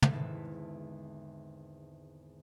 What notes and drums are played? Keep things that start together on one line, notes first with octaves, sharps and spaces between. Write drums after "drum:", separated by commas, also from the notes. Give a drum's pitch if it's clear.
drum: tom
G#1 E2 D3 A4 E5